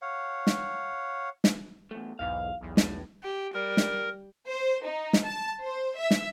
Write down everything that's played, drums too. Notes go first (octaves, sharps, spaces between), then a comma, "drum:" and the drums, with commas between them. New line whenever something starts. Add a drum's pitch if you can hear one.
C#5 F5 F#5
drum: snare
drum: snare
E2 A3
B1 E2 G#2 F5
B1 E2
A2, drum: snare
G4
G3 A#4
drum: snare
C5
D#4
drum: snare
A5
C5
E5
drum: snare